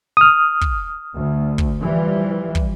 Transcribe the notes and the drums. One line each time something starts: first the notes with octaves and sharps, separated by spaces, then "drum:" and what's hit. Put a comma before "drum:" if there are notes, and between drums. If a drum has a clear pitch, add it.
D#6 F6
drum: kick
D2
drum: kick
E3 F3 G3
drum: kick